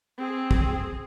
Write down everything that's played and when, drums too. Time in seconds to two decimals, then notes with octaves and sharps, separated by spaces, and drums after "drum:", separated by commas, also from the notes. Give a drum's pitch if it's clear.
0.18 C4 G#4
0.51 drum: kick